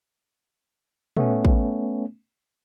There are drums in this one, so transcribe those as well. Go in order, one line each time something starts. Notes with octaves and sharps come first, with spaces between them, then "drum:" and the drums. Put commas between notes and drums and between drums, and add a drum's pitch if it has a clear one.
A3 B3 C#4, drum: tom
drum: kick